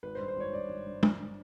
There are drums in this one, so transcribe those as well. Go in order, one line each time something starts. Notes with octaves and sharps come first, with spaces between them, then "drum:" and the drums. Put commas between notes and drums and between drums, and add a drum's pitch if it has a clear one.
G#1 B4
C5
G2
C5
G#1 C#5
G2 D5
G#1
G2
G2, drum: tom